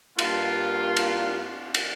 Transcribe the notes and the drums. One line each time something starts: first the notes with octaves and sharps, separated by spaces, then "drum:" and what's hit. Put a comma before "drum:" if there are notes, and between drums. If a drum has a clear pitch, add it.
G2 A#3 D4 F4, drum: cymbal
drum: cymbal
drum: cymbal